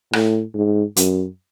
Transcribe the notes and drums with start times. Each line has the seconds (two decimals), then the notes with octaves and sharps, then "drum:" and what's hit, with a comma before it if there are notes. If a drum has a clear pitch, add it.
0.13 A2, drum: rim click
0.54 G#2
0.97 F#2, drum: hi-hat